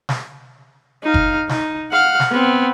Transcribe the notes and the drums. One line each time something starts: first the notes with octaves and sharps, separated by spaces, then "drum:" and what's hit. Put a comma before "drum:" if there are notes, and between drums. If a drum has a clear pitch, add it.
drum: snare
D#4 F5
drum: kick F#1
D#4, drum: snare
F5 F#5
drum: snare
B3 C4